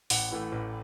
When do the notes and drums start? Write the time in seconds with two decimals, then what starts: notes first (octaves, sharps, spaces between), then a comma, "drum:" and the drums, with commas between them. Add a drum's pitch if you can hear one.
0.10 A1 F#5, drum: open hi-hat
0.31 A2 E3 A3
0.52 A1